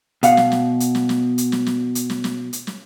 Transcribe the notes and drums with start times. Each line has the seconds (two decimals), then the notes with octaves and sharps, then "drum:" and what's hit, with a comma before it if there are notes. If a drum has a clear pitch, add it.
0.23 B2 F5 F#5, drum: hi-hat
0.37 drum: snare
0.52 drum: snare
0.80 drum: hi-hat
0.95 drum: snare
1.09 drum: snare
1.38 drum: hi-hat
1.52 drum: snare
1.66 drum: snare
1.95 drum: hi-hat
2.10 drum: snare
2.24 drum: snare
2.53 drum: hi-hat
2.67 drum: snare